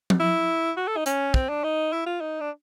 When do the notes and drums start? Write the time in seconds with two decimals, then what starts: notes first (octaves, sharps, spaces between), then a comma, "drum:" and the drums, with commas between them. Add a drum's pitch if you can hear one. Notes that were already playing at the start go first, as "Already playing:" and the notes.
0.10 drum: tom F3
0.20 E4
0.77 F#4
0.87 A4
0.96 D#4
1.06 C#4, drum: hi-hat
1.34 C4, drum: kick
1.49 D4
1.64 D#4
1.92 E4
2.06 F4
2.21 D#4
2.40 D4